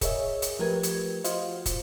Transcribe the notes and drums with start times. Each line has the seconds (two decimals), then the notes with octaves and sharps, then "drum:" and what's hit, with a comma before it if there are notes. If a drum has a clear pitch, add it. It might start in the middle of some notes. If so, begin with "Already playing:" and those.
0.01 G#4 A#4 C#5 D#5 E5, drum: kick, hi-hat
0.42 drum: hi-hat
0.59 F3 A3 G4 A#4 B4 G#6
0.83 drum: hi-hat
1.24 F4 F#4 C5 D#5 F5, drum: hi-hat
1.66 drum: kick, hi-hat